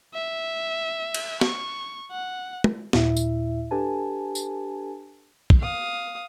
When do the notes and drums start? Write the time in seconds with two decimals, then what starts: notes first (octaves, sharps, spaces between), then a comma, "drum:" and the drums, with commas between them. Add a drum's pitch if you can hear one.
0.14 E5
1.14 drum: cymbal
1.41 C#6, drum: snare
2.11 F#5
2.64 drum: tom
2.93 D#2 A#2 E4 E5, drum: snare
3.17 drum: tambourine
3.71 D4 G4 A4 B4 G#5 A5
4.35 drum: tambourine
5.50 drum: kick
5.60 F5 D#6